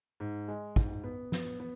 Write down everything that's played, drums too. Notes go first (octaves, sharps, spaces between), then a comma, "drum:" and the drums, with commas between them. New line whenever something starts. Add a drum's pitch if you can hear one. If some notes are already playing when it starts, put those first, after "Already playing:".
G#2
G#3
G#2, drum: kick
B3
B3, drum: snare
B3